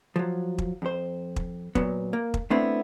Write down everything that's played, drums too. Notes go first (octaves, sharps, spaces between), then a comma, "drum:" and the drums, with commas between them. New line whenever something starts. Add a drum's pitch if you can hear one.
F3 F#3
drum: kick
F2 C5
drum: kick
A#2 F#3 B3, drum: kick
A#3
drum: kick
A3 B3 C4 D4 E4